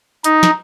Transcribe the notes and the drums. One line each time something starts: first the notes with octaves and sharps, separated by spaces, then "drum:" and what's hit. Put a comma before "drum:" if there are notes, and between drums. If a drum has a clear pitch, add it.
D#4, drum: hi-hat
drum: snare